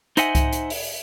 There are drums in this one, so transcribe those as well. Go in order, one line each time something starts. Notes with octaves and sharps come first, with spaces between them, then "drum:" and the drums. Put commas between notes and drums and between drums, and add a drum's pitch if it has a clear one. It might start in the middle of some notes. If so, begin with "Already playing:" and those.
D#4 C5 D#5 E5 F#5 G#5, drum: hi-hat
drum: kick C2, hi-hat
drum: hi-hat
drum: open hi-hat